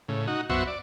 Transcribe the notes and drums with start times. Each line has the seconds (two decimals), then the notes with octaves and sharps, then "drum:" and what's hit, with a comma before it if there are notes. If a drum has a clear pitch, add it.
0.09 A2 C#3
0.27 D#4 F#4
0.50 F#2 B3 F#4 C5 E5 C#6, drum: kick B1
0.67 D5